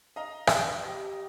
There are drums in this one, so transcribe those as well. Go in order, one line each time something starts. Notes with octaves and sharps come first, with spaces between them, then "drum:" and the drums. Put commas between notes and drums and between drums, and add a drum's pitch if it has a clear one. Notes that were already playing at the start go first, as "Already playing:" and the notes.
D#5 F5 A#5
drum: rim click
G4